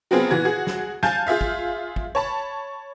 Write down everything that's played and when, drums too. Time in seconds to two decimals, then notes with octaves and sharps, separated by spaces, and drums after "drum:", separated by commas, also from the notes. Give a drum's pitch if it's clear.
0.11 F#3 B3 C4 F4 G#4
0.31 A#2 E3 F#4 G#6
0.45 F#4 G#4
0.67 drum: snare
1.03 F5 G#5 A5 G6 A6, drum: snare
1.27 F4 G#4 E5 F5
1.41 drum: kick
1.96 drum: kick
2.15 C#5 A5 B5